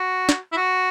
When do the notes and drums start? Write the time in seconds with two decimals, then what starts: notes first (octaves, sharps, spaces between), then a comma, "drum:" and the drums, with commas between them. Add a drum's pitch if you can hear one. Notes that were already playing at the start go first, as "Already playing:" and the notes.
Already playing: F#4
0.29 drum: snare
0.52 E4
0.57 F#4